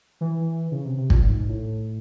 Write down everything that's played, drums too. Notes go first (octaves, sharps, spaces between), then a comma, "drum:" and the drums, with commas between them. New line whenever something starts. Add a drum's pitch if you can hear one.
E3
C#3
C3
C3
A#2, drum: kick
G#2
A2